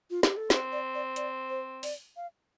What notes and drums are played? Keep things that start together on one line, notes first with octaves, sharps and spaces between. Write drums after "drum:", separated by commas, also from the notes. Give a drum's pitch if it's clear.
F4
G4, drum: snare
A4
C4 C5, drum: snare
D5
D5
D5, drum: hi-hat
C5
D5, drum: open hi-hat
F5